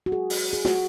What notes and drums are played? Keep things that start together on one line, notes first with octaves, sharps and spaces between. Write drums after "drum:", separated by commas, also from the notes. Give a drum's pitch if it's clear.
F#4
G#4
drum: open hi-hat
G#4
F#4, drum: snare